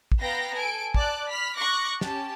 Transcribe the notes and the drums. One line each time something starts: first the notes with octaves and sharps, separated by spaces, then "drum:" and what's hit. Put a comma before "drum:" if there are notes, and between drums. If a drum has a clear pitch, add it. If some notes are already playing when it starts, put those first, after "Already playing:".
drum: kick
B3 F5 G5 A#5 A#6
A4 G#5 D7
D5 A5 D6 F#6, drum: kick
B5 F6 B6
C#6 D6 F#6 A#6
C#4 G4 A5, drum: snare